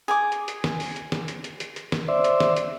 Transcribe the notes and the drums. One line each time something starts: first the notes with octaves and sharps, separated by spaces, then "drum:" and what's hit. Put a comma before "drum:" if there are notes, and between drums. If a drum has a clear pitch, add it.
G#4 G#5 D6
drum: hi-hat
drum: hi-hat
drum: snare
drum: open hi-hat
drum: hi-hat
drum: snare
drum: hi-hat
drum: hi-hat
drum: hi-hat
drum: hi-hat
drum: snare
C5 D5 E5
drum: hi-hat
drum: snare
drum: hi-hat